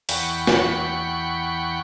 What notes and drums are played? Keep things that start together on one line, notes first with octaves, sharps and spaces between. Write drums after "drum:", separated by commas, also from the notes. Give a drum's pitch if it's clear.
E2 F#5 G5 B5 C#6, drum: open hi-hat
drum: snare